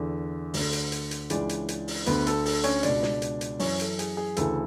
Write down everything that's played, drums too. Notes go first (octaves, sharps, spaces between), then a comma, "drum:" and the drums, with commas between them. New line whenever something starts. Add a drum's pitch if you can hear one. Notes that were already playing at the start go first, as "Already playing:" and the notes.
Already playing: E2 D3
D2 D3, drum: open hi-hat
drum: hi-hat
drum: hi-hat
drum: hi-hat
C#2 C#3 E3 D4 D5, drum: hi-hat
drum: hi-hat
drum: hi-hat
drum: open hi-hat
D2 D3 B3 B4, drum: hi-hat
A4, drum: hi-hat
A4, drum: open hi-hat
C#4 C#5, drum: hi-hat
C#2 B2 D4 D5, drum: hi-hat
drum: snare
drum: hi-hat
drum: hi-hat
F#2 E3 C#4 C#5, drum: open hi-hat
A4, drum: hi-hat
G#4, drum: hi-hat
G#4
D2 C#3 E3 A4, drum: hi-hat